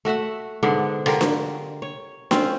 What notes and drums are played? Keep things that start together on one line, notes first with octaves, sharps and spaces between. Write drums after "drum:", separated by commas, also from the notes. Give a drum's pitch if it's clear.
A3 F#4 E5 F#5
G#2 D3 B3 D4
D3 F4 G4 A#4, drum: rim click
drum: snare D4
C#5
C4 C#4 F4, drum: snare D4